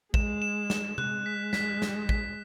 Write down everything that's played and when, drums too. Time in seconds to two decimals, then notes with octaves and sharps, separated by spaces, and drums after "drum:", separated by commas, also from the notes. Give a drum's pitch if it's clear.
0.14 G#3 E7, drum: kick A1
0.42 E7
0.70 E7, drum: snare
0.98 G#3 F#6, drum: tom C3
1.26 B6
1.53 B6, drum: snare
1.82 F#6, drum: snare
2.09 B6, drum: kick A1